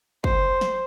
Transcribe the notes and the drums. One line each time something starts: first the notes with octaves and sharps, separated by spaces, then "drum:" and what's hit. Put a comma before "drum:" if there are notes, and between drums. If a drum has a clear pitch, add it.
C5, drum: kick
drum: snare